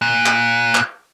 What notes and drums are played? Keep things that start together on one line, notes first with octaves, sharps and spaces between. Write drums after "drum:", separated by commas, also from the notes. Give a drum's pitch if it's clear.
A#2 F#6
drum: clap
drum: clap